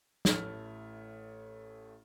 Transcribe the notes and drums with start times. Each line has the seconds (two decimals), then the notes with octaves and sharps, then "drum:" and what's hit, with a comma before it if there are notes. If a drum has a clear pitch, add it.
0.25 A1 A3 E4 F6, drum: snare